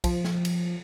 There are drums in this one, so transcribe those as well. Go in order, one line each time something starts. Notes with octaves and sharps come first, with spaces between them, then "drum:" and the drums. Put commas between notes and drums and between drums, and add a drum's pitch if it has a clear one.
F3, drum: kick, cymbal
drum: snare
drum: cymbal